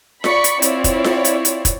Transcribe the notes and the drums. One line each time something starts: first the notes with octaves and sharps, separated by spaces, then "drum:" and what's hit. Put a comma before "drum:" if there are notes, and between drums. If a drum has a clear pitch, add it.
D5 B5 C#6 B6 C#7, drum: snare F4
drum: hi-hat
C4 E4 F4 C#5 D5, drum: hi-hat
drum: kick, hi-hat
drum: snare F4
drum: hi-hat
drum: hi-hat
drum: kick, hi-hat